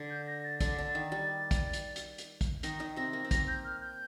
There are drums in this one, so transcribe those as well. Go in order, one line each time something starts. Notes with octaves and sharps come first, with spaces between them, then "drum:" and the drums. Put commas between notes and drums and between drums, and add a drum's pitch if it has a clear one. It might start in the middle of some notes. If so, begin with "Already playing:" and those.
Already playing: D3
G6
A#6
A6
D3 A6, drum: kick, hi-hat
D3
D#3
G3
drum: kick, hi-hat
drum: hi-hat
drum: hi-hat
drum: hi-hat
drum: kick, hi-hat
D#3 D#4 A#6, drum: hi-hat
D#3 D#4
C3 C4 A#6
A#3 A#6
C4
A#3 A#6, drum: kick, hi-hat
G6
F6
G6